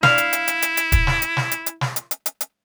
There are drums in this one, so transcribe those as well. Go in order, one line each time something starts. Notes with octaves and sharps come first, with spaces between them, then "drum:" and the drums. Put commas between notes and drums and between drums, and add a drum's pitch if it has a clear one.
E4 F5, drum: snare
drum: hi-hat
drum: hi-hat
drum: hi-hat
drum: hi-hat
drum: hi-hat
drum: kick, hi-hat
drum: snare
drum: hi-hat
drum: snare
drum: hi-hat
drum: hi-hat
drum: snare
drum: hi-hat
drum: hi-hat
drum: hi-hat
drum: hi-hat